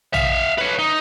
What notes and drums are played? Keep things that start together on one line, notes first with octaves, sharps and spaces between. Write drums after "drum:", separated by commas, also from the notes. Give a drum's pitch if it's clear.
E5 F5, drum: tom
B4 C#5
D#4